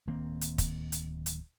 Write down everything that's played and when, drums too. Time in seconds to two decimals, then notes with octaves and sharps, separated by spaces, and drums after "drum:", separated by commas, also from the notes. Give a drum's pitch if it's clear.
0.08 D1 D#3 A#3 C4
0.41 drum: hi-hat
0.58 drum: kick, hi-hat
0.92 drum: hi-hat
1.26 drum: hi-hat